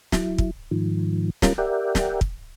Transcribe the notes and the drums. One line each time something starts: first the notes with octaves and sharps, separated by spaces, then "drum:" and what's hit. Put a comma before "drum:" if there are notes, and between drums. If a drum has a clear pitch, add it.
F#3 E4, drum: snare
drum: kick
G#2 D#3 F3
G3 C#4 F4 A#4, drum: snare
G4 A#4 D5 E5 F#5 G5
drum: snare
drum: kick